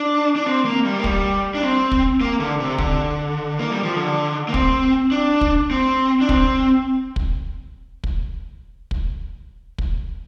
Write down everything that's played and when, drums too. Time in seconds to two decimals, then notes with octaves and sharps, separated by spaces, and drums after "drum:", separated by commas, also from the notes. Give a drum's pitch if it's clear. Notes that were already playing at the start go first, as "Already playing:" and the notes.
Already playing: D4
0.36 D4
0.46 C4
0.65 A#3
0.85 G3
0.98 A#3
1.04 G3, drum: kick
1.55 D4
1.62 C4
1.92 drum: kick
2.21 A#3
2.40 D3
2.60 C3
2.78 D3, drum: kick
3.59 A#3
3.71 G3
3.83 F3
3.96 D3
4.49 A#3
4.54 C4, drum: kick
5.11 D4
5.41 drum: kick
5.71 C4
6.21 D4
6.29 C4, drum: kick
7.16 drum: kick
8.04 drum: kick
8.91 drum: kick
9.78 drum: kick